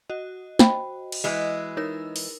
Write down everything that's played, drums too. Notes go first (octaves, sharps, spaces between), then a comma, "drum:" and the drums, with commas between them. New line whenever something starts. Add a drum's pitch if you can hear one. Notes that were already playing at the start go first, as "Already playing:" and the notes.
F#4 D#5
C5 G5 B5, drum: snare
drum: cymbal
E3 G#3
D#4 A#4 C#5 E6
drum: open hi-hat